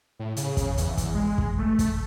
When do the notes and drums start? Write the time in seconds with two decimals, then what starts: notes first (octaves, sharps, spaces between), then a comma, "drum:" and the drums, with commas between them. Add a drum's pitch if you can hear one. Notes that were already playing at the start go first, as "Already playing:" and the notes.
0.19 A2
0.37 C#3, drum: hi-hat
0.57 drum: kick, hi-hat
0.78 E2, drum: hi-hat
0.97 drum: kick, hi-hat
1.14 G#3
1.38 drum: kick
1.59 A3
1.79 drum: kick, hi-hat